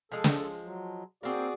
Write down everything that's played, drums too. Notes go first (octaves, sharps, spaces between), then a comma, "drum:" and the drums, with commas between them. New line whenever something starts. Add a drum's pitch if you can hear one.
F3 G#3 A4
drum: snare
F#3
A#3 C4 F#4 G#4 D5